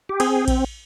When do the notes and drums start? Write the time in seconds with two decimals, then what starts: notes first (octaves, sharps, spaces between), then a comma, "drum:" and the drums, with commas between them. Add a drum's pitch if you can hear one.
0.09 G4
0.20 C4 G#4, drum: cymbal
0.48 drum: kick A#1, cymbal